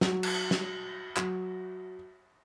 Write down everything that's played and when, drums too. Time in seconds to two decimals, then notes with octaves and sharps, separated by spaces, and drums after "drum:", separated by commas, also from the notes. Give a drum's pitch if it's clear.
0.01 F#3, drum: snare
0.23 drum: cymbal
0.51 drum: snare
1.16 F#3, drum: clap